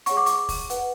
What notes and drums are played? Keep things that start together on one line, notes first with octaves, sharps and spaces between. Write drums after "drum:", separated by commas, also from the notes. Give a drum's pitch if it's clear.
G#4 C#5 F#5 C#6, drum: hi-hat
D6
C#6, drum: hi-hat
drum: kick E1, open hi-hat
B4 F#5, drum: hi-hat